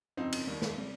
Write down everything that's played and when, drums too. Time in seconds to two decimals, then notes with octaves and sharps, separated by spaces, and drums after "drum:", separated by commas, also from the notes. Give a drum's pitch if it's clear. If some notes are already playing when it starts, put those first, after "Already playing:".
0.17 G1 F2 C#3 C4 D#4
0.32 drum: cymbal
0.47 D#2 D#3 G3
0.62 drum: snare
0.77 C3 G3